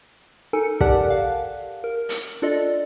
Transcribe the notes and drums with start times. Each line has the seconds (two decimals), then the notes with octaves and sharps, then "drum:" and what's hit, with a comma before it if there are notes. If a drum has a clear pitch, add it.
0.53 D#4 A4 A#4 G#5 C#7
0.80 G4 A#4 D5 F#5 A5 F#6, drum: kick
1.10 F5
1.84 A#4
2.09 drum: hi-hat
2.42 D4 F4 A4 D5 D#5